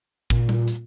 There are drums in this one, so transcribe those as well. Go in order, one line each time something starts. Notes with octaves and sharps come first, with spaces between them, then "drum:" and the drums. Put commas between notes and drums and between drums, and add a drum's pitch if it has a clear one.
A#2, drum: kick, hi-hat
drum: tom
drum: hi-hat